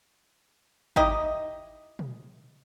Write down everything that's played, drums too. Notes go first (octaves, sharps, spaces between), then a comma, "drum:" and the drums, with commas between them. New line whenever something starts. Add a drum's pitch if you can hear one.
D#4 E4 G4 D#5, drum: kick G#1
drum: tom